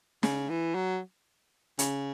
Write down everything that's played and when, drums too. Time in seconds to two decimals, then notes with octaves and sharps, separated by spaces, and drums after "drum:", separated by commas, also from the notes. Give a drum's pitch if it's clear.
0.23 C#3, drum: snare
0.49 E3
0.75 F#3
1.79 C#3, drum: hi-hat